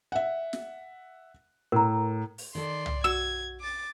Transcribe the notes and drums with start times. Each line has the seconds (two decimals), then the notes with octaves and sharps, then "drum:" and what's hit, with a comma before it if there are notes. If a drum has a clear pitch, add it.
0.12 E5 F#5
0.53 drum: snare
1.72 A2 A#4 A#5
2.38 drum: open hi-hat
2.55 D#3 A4 D5 C6
2.86 drum: tom
3.04 F#4 E6 G#6
3.60 D6 A6